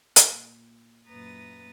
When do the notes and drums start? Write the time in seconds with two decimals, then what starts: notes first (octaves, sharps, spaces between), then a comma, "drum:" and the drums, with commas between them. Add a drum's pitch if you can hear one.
0.16 A#2, drum: hi-hat
1.07 F#2 A#2 B4 A#5 D#6 A6